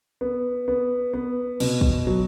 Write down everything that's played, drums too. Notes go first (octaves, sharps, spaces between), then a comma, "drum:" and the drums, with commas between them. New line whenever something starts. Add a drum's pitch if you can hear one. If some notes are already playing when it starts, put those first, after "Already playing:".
B3
B3
B3
B2, drum: cymbal
drum: kick
F#3